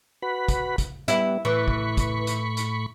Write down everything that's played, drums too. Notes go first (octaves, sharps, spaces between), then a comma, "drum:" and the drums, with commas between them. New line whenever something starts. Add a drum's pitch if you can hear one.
F#4 B4 B5
drum: kick, hi-hat
drum: kick, hi-hat
G3 B3 E4, drum: hi-hat
A2 E3 B5 C#6
drum: kick
drum: kick, hi-hat
drum: hi-hat
drum: hi-hat